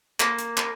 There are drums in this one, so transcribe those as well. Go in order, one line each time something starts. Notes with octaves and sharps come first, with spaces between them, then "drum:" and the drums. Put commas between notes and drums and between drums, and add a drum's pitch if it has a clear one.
A#3, drum: clap
drum: hi-hat
drum: clap